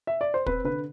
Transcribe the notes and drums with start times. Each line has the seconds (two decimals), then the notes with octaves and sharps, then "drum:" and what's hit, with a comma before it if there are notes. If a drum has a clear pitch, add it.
0.07 E5
0.21 D5
0.34 C5
0.46 C4 B4, drum: kick
0.64 D3 B4